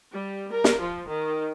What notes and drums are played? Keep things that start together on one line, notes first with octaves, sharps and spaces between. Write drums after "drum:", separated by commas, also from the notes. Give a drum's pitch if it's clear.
G3
A#4
drum: snare
F3
D#3